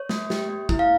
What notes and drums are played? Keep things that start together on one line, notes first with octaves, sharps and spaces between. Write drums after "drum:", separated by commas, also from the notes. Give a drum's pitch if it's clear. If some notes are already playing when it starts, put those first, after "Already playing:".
Already playing: C#5
A#3, drum: snare
G4, drum: snare
A#3
E4, drum: kick
F5